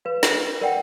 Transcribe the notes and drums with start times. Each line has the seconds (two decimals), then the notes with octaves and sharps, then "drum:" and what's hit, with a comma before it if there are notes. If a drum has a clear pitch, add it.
0.05 B4 F5
0.23 A#4, drum: snare
0.61 A#4 D5 F#5 G5